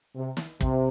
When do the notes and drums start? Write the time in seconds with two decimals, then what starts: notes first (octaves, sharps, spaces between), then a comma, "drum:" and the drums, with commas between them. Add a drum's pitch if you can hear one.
0.15 C3
0.37 drum: snare
0.61 C3, drum: kick